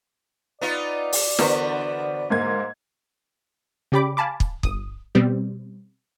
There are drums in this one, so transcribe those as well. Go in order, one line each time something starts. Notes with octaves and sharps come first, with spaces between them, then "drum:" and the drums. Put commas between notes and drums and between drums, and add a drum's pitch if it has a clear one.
B3 D#4 F4 D5
drum: open hi-hat
D3 E3 B3 F#4 A#4 C5, drum: snare
G#2 A#3 C5 G#6
C#3 C#4 G4 D5 B5 D6
F5 G#5 A5 B5 D6
drum: kick
G1 D#6, drum: kick
B2 G3 B3 C4